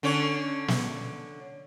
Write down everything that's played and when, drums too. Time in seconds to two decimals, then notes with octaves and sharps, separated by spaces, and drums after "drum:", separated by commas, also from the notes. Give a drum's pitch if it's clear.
0.03 D3 C#4 C#5
0.68 drum: snare